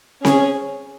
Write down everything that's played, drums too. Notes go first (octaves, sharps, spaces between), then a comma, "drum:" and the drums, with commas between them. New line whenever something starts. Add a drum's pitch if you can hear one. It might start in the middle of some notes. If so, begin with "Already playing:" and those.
C#4 G#4, drum: snare C4